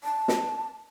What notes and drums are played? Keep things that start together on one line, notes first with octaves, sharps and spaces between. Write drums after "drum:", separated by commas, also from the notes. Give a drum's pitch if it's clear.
A5
drum: snare